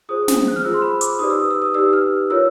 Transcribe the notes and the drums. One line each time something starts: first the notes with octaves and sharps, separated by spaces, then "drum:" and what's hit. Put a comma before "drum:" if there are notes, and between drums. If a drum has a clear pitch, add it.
F4 G#4 C5 D#6
drum: snare
F#6
F6
F4 G#4 C5 E6
C6
B5
D6, drum: hi-hat
D#4 G4 B4 D5 D#6
E6
D#6
E6
D#6
D#4 G4 B4 D5 E6
F6
F4 A#4 C#5 E6